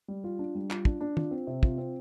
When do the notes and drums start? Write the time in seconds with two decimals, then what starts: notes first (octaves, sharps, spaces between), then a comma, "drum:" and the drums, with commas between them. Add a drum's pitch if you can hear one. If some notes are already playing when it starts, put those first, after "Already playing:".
0.08 G3
0.24 F4
0.39 D4
0.55 G3
0.70 F4, drum: clap
0.85 D4, drum: kick
1.01 D4
1.17 F4, drum: tom
1.31 C4
1.47 C3
1.63 F4, drum: kick
1.78 C4